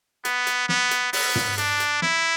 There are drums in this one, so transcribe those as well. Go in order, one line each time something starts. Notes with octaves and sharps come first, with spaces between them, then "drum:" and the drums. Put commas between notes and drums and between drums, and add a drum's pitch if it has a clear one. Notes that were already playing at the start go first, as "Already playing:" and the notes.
B3, drum: hi-hat
drum: hi-hat
B3, drum: snare
drum: hi-hat
B3, drum: open hi-hat
drum: tom
D4, drum: hi-hat
drum: hi-hat
E4, drum: snare